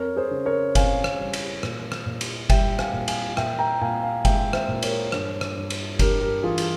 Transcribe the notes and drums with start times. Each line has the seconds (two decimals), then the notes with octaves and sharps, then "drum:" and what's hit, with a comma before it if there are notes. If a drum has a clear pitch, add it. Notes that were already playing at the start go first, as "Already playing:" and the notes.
Already playing: F2 A#4 C#5
0.16 G#4 C5
0.31 C#3
0.45 A#4 C#5
0.75 F2 F5 G#5, drum: kick F#1, cymbal
1.04 drum: rim click
1.19 G3
1.33 drum: cymbal
1.63 A#2, drum: rim click
1.92 drum: rim click
2.06 A#2
2.21 drum: cymbal
2.50 G3 E5 G5, drum: kick F#1, cymbal
2.79 F5 G#5, drum: rim click
2.93 A#2
3.08 F5 G#5, drum: cymbal
3.37 A#2 E5 G5, drum: rim click
3.59 G5 A#5
3.81 A#2 F5 G#5
4.02 F5 G#5
4.25 G#3 E5 G5, drum: kick F#1, cymbal
4.53 C5 E5, drum: rim click
4.68 A#2
4.83 A#4 C#5, drum: cymbal
5.12 G2, drum: rim click
5.41 drum: rim click
5.56 G2
5.70 drum: cymbal
5.99 G2 G4 A#4, drum: kick F#1, cymbal
6.21 G4 A#4
6.43 E3 F4 G#4
6.58 drum: cymbal